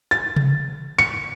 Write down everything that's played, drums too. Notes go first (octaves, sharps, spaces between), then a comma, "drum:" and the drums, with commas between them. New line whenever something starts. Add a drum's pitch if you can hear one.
A6
drum: tom C3
C#7